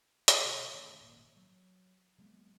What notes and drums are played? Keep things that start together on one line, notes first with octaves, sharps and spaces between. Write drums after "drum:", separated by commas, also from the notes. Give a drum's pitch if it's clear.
drum: hi-hat
B2 D3 F3 G#3
D#3 A3 C#4
G#1 A#2 A#3
F#3
F#3 G#3 A#3 B3